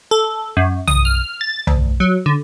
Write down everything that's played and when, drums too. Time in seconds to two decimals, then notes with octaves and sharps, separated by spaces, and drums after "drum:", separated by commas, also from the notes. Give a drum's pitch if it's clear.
0.11 A4
0.57 F#2
0.87 D#6, drum: tom
1.05 F6
1.41 A6
1.67 D2, drum: tom
2.00 F#3
2.26 D3